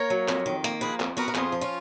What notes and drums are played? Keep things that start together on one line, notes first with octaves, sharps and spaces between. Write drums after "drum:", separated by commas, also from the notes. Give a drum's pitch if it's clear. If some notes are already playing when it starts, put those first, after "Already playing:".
Already playing: A#3 A#4 C#5
F#3
F2, drum: clap
D#3
A#3, drum: hi-hat
F3 G#4 B4
F2, drum: clap
B3 F#4 A#4
A#4
F2 F4 G#4, drum: clap
F3
C#4 F4